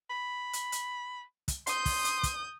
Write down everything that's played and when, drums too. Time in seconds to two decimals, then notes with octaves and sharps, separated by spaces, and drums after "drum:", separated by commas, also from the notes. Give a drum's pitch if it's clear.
0.10 B5
0.53 drum: hi-hat
0.72 drum: hi-hat
1.48 drum: kick, hi-hat
1.67 C6 D#6 G6, drum: hi-hat
1.86 drum: kick, open hi-hat
2.04 drum: hi-hat
2.23 drum: kick, hi-hat